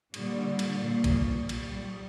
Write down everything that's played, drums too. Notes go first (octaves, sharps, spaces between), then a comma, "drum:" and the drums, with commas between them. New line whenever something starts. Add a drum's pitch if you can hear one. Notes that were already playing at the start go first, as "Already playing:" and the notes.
A#2 D3 G3, drum: cymbal
drum: cymbal
A#2
drum: kick, cymbal
G3
drum: cymbal